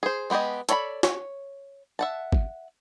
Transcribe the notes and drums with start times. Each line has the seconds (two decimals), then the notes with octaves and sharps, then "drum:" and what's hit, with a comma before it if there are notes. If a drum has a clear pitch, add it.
0.03 G#4 C5
0.30 G#3 B3 G4 G#4 D#5
0.69 A4 C#5 D5 A#5 B5, drum: hi-hat
1.03 C#5, drum: snare
1.99 E5 F#5 A5
2.32 drum: kick G1